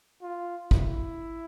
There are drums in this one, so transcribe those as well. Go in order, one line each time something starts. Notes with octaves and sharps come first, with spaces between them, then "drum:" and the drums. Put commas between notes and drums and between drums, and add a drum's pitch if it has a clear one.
F4
E4, drum: kick A1